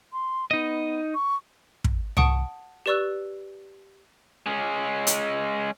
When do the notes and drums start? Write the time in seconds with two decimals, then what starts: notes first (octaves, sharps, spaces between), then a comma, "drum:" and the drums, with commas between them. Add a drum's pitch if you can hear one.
0.12 C6
0.51 B3 D#4 D#5
1.14 C#6
1.84 drum: kick
2.17 F#5 A5 C#6 D#6 C#7 D7, drum: tom C2
2.86 G4 B4 D5 C#6 E6 F#6
4.46 G#3 C#4
5.07 drum: hi-hat